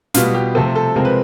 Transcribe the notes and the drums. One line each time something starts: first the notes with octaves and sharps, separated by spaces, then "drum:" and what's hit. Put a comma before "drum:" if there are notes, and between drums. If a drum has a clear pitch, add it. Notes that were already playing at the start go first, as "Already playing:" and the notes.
B2 G3 B3 F4, drum: snare
G4
C3 F3 A3 C4 A4
A4
C3 F3 G#3 C4 A#4
B4